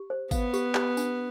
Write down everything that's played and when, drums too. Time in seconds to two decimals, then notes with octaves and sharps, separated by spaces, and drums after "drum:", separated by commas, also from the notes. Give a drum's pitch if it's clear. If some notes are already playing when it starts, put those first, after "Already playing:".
Already playing: G4
0.10 C5
0.31 B3 F5, drum: kick G#1, tambourine
0.53 G4, drum: tambourine
0.75 G4, drum: clap
0.97 D4, drum: tambourine